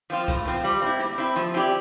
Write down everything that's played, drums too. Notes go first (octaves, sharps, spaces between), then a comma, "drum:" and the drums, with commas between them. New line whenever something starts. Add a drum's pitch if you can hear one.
F3 C4 F4
A2, drum: kick C2, hi-hat
F3 C4 F4
G3
C4 E4
G3, drum: rim click
C4 E4
F3, drum: rim click
C4 E4 G4 D5